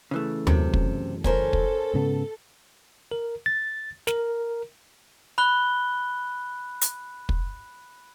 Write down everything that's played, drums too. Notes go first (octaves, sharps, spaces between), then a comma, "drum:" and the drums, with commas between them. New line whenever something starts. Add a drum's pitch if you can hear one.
C#3 E3 A3
F#2 C3 A4, drum: tom D#2
drum: kick
C#4 A4 A#4 C5, drum: kick
drum: kick
G#2 C#3 B3
A#4
A6
A#4, drum: snare
B5 F#6 G7
drum: hi-hat
drum: kick